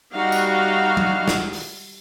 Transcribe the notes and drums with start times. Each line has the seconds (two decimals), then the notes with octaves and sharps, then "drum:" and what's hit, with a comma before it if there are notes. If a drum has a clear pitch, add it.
0.14 G3 D#4 F#4 F5
0.32 drum: tambourine
0.97 drum: tom F#3
1.28 drum: snare
1.53 drum: open hi-hat